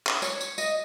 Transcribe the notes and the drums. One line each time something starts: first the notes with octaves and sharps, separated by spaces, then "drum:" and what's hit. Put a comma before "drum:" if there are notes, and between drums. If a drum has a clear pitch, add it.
drum: clap
C#5, drum: tambourine
drum: tambourine
D#5, drum: tambourine